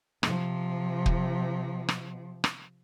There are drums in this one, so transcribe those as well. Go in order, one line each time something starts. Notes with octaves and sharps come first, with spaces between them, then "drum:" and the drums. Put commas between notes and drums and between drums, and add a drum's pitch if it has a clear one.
C3 F3, drum: rim click
drum: kick
drum: rim click
drum: rim click